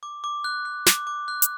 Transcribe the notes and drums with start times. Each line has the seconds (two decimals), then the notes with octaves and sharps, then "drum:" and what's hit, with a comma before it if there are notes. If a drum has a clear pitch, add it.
0.03 D6
0.24 D6
0.44 F#6
0.65 F#6
0.86 D6, drum: snare
1.07 D6
1.28 F#6
1.42 drum: hi-hat